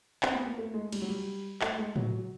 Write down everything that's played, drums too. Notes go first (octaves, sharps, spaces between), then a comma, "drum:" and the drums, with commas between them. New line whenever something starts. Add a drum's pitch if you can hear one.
C4, drum: clap
B3
A#3
A3
G#3
G3, drum: cymbal
F#3
G3
A3, drum: clap
G#3
F#3, drum: tom A2